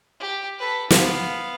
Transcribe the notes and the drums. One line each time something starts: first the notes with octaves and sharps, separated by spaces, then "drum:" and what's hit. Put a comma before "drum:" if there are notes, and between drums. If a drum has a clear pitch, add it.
G4
A4 B4
B3 F5, drum: snare